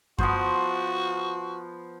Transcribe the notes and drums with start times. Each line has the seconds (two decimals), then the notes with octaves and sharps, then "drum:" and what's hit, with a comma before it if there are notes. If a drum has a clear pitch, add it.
0.18 F3 B3 F#4 C5, drum: kick F#2